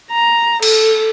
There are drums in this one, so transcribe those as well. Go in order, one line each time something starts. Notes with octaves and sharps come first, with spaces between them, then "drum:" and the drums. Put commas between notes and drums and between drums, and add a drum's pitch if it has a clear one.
A#5
A4, drum: cymbal